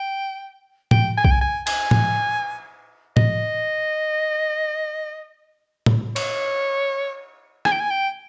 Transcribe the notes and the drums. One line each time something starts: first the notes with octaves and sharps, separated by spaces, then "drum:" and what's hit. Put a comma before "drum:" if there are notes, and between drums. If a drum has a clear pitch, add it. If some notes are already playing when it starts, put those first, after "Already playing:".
Already playing: G5
G5, drum: tom
G#5
G5, drum: kick B1
G#5
G#5
G#5, drum: cymbal
drum: tom
D#5, drum: tom
drum: tom
C#5, drum: cymbal
G#5, drum: rim click
G5
G#5
G5